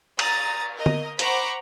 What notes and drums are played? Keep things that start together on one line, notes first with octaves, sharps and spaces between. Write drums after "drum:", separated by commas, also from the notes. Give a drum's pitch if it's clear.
A#5 D#6 A6, drum: cymbal
A#4 D#5
drum: tom D3
C5 F#5 A#5 B5 C#6 D6, drum: hi-hat